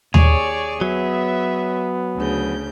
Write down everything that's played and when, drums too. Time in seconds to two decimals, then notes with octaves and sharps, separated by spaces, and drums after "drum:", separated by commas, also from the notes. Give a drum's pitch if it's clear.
0.14 D#2 G#4 C#5 D5 C#6, drum: tom D#2
0.81 F#3 B3 E5
2.16 D2 C#3 G6